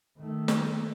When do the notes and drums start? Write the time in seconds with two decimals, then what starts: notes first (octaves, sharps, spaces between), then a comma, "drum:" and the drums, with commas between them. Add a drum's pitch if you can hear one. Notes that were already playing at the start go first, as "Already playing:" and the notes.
0.17 D#3 A3
0.48 drum: snare